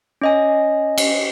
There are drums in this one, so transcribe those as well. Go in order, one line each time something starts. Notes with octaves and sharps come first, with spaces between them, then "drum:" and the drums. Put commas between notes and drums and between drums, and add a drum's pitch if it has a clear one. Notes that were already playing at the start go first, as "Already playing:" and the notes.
C#4 D#5 G#5
drum: cymbal